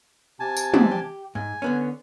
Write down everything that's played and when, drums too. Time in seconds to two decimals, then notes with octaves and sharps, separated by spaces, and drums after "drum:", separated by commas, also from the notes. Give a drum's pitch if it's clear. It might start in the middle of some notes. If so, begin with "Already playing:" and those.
0.40 C3 G#5 A5
0.57 drum: tambourine
0.74 E3 G3 C4, drum: tom
0.91 G4
1.35 G#2 G#5
1.62 D3 B3 C#4